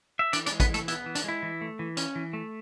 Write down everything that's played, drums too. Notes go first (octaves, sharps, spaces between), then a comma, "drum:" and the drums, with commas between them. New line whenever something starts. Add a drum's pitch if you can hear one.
E5
E3 D4 D5, drum: hi-hat
D4 D5, drum: hi-hat
G#3
B3 B4, drum: kick, hi-hat
E3
A3 A4, drum: hi-hat
B3 E4, drum: hi-hat
E3
D4, drum: hi-hat
G#3 E4
E3
A3
E3
C#4, drum: hi-hat
E3
A3